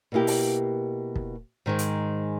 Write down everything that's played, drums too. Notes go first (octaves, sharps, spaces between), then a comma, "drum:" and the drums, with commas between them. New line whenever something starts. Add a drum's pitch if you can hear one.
B2 A#3 E4 G4
drum: open hi-hat
drum: kick
G#2 D#3 G#3
drum: hi-hat